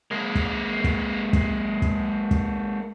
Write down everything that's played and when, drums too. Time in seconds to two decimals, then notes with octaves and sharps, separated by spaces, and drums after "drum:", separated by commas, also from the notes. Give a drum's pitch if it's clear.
0.11 G#3 A#3
0.35 drum: kick
0.84 drum: kick
1.33 drum: kick
1.82 drum: kick
2.31 drum: kick